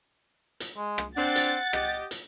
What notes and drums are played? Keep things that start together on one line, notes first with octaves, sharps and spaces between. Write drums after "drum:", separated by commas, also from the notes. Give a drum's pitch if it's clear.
drum: hi-hat
G#3
drum: rim click
C4 D4 F#5 A6
drum: hi-hat
G4 D#5, drum: rim click
drum: hi-hat